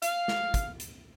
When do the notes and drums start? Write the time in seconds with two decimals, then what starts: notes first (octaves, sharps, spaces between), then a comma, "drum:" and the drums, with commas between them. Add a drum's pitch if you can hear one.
0.02 F5, drum: hi-hat
0.28 drum: snare
0.54 drum: kick, hi-hat
0.80 drum: hi-hat